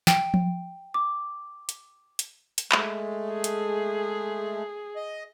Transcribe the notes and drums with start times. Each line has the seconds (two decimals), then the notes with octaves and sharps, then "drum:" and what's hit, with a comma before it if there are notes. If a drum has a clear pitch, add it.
0.07 G5, drum: snare
0.34 drum: tom F3
0.94 D6
1.69 drum: hi-hat
2.19 drum: hi-hat
2.58 drum: hi-hat
2.72 G#3 A3, drum: clap
3.31 G#4
3.44 drum: hi-hat
4.96 D#5